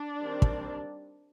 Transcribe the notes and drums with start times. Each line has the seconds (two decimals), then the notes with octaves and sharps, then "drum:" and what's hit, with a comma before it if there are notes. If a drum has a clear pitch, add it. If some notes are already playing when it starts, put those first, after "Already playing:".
Already playing: D4
0.21 D#3 G3 C4
0.42 drum: kick